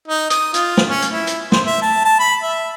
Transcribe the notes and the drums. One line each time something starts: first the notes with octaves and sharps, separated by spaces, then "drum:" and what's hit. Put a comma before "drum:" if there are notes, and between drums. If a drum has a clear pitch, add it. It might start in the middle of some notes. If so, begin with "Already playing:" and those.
D#4
D#6, drum: hi-hat
F4, drum: hi-hat
drum: snare
C#4
drum: hi-hat
E4
drum: hi-hat
C5, drum: snare
E5
A5
A5
B5
E5